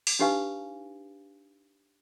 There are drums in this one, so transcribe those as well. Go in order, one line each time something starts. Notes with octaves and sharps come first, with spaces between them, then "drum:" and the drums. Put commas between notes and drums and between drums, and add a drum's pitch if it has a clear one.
drum: open hi-hat
D4 D#4 G4 B4 F5 G#5